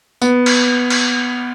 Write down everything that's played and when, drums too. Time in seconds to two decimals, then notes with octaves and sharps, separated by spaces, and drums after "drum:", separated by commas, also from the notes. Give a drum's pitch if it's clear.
0.22 B3, drum: tambourine
0.46 drum: cymbal
0.90 drum: cymbal